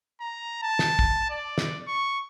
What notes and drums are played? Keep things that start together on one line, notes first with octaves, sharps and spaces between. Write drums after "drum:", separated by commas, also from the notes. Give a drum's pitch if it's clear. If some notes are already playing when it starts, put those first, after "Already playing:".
A#5
A5
drum: snare
drum: kick
D5
drum: snare
C#6